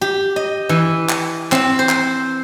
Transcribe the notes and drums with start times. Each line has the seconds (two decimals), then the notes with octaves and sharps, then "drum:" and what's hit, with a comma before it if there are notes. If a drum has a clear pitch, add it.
0.01 G4
0.36 D#5
0.69 E3
1.09 drum: clap
1.52 C4, drum: clap
1.79 C5
1.89 drum: clap